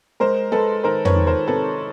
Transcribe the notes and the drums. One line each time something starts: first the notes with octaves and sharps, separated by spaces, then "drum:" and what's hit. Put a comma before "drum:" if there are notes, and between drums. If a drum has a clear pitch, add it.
G#3 A#4 C5
G#3 A4 B4
D#3 A#4 C5
B4 C#5, drum: tom
D#3
A#4 C5
C3 A4 B4